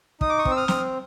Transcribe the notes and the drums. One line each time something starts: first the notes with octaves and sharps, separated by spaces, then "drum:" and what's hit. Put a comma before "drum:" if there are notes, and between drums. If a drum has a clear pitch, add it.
D#4 D#6, drum: kick
D6
C#6 D#6
C4, drum: kick
E6
D#6 F6
C4, drum: snare